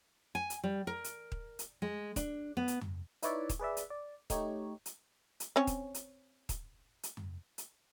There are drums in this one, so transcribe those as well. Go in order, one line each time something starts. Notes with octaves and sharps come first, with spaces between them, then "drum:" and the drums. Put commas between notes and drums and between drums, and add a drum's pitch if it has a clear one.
G#5
drum: hi-hat
G3
A#4
drum: hi-hat
drum: kick D#1
drum: hi-hat
G#3
D4, drum: kick D#1, hi-hat
B3
drum: hi-hat
drum: tom F2
D#4 E4 B4 C#5 D5 E5, drum: hi-hat
drum: kick D#1, hi-hat
G#4 B4 D5 E5
drum: hi-hat
D5
A3 D#4 G4 C#5, drum: kick D#1, hi-hat
drum: hi-hat
drum: hi-hat
C4 C#4 C#5
drum: kick D#1, hi-hat
drum: hi-hat
drum: kick D#1, hi-hat
drum: hi-hat
drum: tom F2
drum: hi-hat